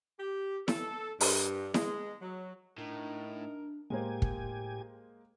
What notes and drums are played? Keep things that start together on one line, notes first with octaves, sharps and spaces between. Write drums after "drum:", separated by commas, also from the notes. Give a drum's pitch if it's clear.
G4
A4, drum: snare E4
G2, drum: open hi-hat
G#3, drum: snare E4
F#3
A2 D4 D#4 A#4
A2 G#3 A#3 G4 C5 G#5
drum: kick